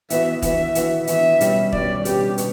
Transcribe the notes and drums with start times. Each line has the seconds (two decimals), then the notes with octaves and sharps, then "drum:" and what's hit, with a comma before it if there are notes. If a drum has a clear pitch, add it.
0.10 E3 B3 F#4 E5, drum: hi-hat
0.42 E3 B3 F#4 E5, drum: kick, hi-hat
0.75 E3 B3 F#4, drum: hi-hat
1.07 E3 B3 F#4 E5, drum: hi-hat
1.40 B2 G3 C#4, drum: hi-hat
1.73 B2 G3 C#4 D5, drum: kick
2.05 B2 G3 C#4 G4, drum: hi-hat
2.38 B2, drum: hi-hat